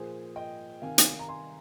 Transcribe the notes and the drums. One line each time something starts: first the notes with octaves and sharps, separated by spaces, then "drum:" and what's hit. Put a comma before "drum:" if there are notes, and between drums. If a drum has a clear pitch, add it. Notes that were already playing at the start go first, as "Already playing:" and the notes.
Already playing: A#2 F3 G#4 C5
D#5 G5
C3 D#3 F5 G#5
drum: hi-hat
A#5
G#5 C6